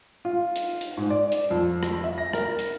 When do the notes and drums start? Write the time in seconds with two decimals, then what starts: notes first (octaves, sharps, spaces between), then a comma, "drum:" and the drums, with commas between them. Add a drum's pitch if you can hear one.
0.25 F4
0.56 drum: hi-hat
0.81 drum: hi-hat
0.97 G#2
1.10 D5
1.32 drum: hi-hat
1.51 F2
1.83 drum: rim click
2.04 E5
2.18 A#6
2.33 A#4, drum: rim click
2.59 drum: hi-hat